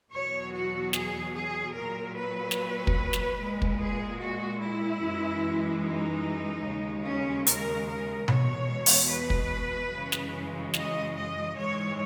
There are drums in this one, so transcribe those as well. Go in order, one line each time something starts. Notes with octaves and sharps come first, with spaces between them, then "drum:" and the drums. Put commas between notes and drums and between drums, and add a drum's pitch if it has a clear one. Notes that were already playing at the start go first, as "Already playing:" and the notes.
E2 B2 F#3 C#5
F#4
G#4, drum: snare
G#4
A#2 F#3 A#4
B4
drum: snare
drum: kick
drum: snare
A#2 G#3
drum: kick
G#4
F#4
E4
F#2 E3 G#3
D#4
D#2 C#3 G#3
C#4
A#4, drum: hi-hat
A#4
E2 B2 G#3 C#5, drum: tom B2
drum: open hi-hat
B4
drum: kick
F#2 C#3 E3 G#3
drum: snare
D#5, drum: snare
D#5
G#2 E3 G#3 C#5